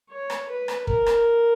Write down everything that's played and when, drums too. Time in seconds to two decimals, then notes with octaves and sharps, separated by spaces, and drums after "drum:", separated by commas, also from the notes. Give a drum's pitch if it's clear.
0.10 C#5
0.30 drum: rim click
0.49 B4
0.68 drum: rim click
0.87 A#4, drum: kick
1.06 drum: rim click